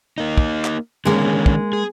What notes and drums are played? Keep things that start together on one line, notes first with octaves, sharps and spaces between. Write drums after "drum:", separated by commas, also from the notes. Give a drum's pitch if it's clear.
A#3 D#4
drum: kick
drum: clap
D3 D#3 G#3 A#3 C#4
drum: kick
G#4